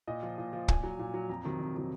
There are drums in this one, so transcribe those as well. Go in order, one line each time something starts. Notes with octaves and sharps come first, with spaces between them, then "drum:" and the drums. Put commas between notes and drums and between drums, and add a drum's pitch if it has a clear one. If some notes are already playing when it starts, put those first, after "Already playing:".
A#2 D#5
F3
A#2
F3
A#2 G#5, drum: kick
F#3
A#2
F#3
F2 A#5
C3 D#3 F#3
F2
C3 D#3 F#3